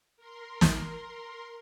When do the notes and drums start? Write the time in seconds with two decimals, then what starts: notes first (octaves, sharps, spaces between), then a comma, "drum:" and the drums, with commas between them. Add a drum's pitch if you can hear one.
0.17 A#4 C6
0.61 drum: snare